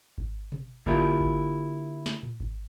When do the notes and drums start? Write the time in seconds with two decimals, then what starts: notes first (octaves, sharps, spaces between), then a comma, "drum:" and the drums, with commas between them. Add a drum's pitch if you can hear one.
0.18 drum: kick G#1
0.52 drum: tom B2
0.86 D3 A#3 E4 F4 G4, drum: kick G#1
1.20 drum: kick G#1
2.06 drum: snare
2.23 drum: tom A2
2.40 drum: kick G#1